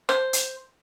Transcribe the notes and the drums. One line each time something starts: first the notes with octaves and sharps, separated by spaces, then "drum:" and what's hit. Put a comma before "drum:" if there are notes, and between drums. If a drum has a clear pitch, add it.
C5, drum: rim click
drum: hi-hat